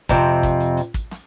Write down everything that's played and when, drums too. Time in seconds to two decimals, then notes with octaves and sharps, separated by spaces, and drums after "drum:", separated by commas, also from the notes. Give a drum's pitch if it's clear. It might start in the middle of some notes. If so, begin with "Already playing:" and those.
0.09 F2 C3, drum: kick, hi-hat
0.43 drum: kick, hi-hat
0.60 drum: hi-hat
0.77 drum: hi-hat
0.94 drum: kick, hi-hat
1.11 drum: snare